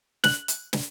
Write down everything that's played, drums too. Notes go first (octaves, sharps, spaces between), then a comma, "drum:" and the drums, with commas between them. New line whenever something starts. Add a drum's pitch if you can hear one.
F#6, drum: snare
drum: hi-hat
drum: snare